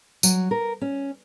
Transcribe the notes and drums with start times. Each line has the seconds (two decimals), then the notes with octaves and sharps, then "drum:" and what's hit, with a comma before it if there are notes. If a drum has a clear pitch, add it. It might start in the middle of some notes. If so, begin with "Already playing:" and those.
0.23 F#3, drum: tambourine
0.51 A#4
0.81 C#4